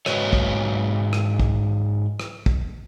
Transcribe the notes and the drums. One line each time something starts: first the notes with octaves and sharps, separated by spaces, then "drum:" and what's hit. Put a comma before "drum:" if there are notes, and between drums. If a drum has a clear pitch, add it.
G#2 F#4 B4 C#5 D#5, drum: rim click
drum: kick
drum: rim click
drum: kick
drum: rim click
drum: kick